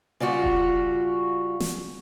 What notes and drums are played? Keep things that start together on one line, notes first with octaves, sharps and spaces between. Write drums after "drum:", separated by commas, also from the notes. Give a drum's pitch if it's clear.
C#3 G3 F4 F#4
drum: kick E1
drum: snare